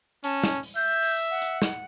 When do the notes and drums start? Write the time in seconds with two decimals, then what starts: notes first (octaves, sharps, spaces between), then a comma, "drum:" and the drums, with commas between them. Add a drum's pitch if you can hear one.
0.24 C#4 A5, drum: hi-hat
0.44 drum: snare
0.63 drum: open hi-hat
0.76 E5 G6
1.03 drum: open hi-hat
1.31 F#5
1.42 drum: hi-hat
1.62 drum: snare